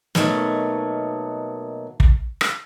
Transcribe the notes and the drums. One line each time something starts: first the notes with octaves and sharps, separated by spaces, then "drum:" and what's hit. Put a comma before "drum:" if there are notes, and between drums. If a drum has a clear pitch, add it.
B2 D#3 F#3 A3 A#3, drum: snare
drum: kick
drum: rim click